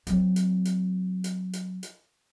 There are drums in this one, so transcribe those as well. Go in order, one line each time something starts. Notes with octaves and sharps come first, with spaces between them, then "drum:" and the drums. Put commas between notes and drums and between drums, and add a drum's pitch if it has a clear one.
F#3 C4, drum: hi-hat
drum: hi-hat
drum: hi-hat
drum: hi-hat
drum: hi-hat
drum: hi-hat